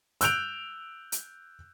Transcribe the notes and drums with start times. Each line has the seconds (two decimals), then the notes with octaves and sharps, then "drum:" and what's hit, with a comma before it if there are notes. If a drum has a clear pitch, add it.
0.21 E6 F#6 G6 D7 F7, drum: hi-hat
1.12 drum: hi-hat